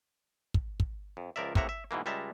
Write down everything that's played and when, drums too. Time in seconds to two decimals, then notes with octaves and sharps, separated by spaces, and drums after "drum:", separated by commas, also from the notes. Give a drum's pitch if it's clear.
0.54 drum: kick
0.80 drum: kick
1.17 F2
1.36 C#2 F3 A#4 D5 E5
1.55 A2 C3 A#3 E5 F#5 A#5, drum: kick
1.69 E5
1.91 G#2 B2 E3 A#3
2.06 C#2 G3 G#3 E5 A5 A#5